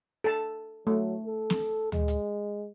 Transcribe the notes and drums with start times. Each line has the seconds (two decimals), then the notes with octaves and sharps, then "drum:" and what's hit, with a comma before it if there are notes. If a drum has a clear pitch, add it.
0.24 A4 A5
0.87 F#3 A3
1.26 A4
1.50 drum: snare
1.92 G#3, drum: tom D2
2.08 drum: hi-hat